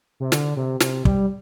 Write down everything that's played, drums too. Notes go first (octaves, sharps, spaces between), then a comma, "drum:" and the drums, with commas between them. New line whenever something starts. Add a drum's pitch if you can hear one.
C3
D3, drum: snare
C3
C3, drum: snare
G3, drum: kick